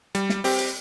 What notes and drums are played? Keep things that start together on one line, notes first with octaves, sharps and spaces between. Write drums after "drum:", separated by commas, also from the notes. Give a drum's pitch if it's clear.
G3, drum: hi-hat
drum: snare
C4 G4, drum: open hi-hat
drum: hi-hat